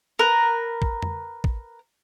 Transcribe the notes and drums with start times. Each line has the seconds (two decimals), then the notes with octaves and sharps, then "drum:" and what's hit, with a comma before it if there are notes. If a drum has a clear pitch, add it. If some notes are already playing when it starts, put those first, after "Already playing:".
0.19 A#4 B4
0.82 drum: kick A1
1.02 drum: tom F2
1.44 drum: kick A1